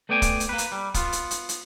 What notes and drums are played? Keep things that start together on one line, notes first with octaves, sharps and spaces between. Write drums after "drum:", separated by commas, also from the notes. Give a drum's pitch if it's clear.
A3 B3 D5 G5 G#5
drum: kick, hi-hat
drum: hi-hat
A#3 B4
drum: hi-hat
G3
B3 F4, drum: kick, hi-hat
drum: hi-hat
drum: hi-hat
drum: hi-hat